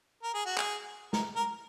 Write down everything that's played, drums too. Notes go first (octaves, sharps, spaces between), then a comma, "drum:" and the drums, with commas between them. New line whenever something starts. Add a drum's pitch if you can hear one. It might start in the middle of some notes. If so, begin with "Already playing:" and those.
A#4
G#4
F#4
G#4, drum: clap
A#4, drum: snare
A#4